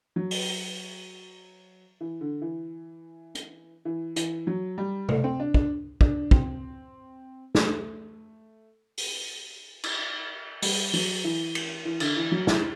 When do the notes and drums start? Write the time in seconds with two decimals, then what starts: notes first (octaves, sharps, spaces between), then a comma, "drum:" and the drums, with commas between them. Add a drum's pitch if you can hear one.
0.16 F#3
0.31 drum: open hi-hat
2.01 E3
2.21 D3
2.42 E3
3.35 drum: hi-hat
3.85 E3
4.16 E3, drum: hi-hat
4.47 F#3
4.78 G3
5.09 A3, drum: tom C3
5.24 C4
5.40 D4
5.54 D4, drum: kick
6.01 D4, drum: kick
6.31 C4, drum: kick
7.55 A3, drum: snare
8.98 drum: open hi-hat
9.84 drum: cymbal
10.62 G3, drum: open hi-hat
10.94 F#3, drum: open hi-hat
11.24 E3
11.55 drum: cymbal
11.85 E3
12.00 D3, drum: cymbal
12.16 E3
12.32 F#3
12.47 E4, drum: snare